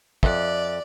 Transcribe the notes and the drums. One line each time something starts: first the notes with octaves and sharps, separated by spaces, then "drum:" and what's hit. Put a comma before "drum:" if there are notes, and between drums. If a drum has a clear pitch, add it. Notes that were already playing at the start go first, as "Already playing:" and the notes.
F2 D5 E5 F#6, drum: kick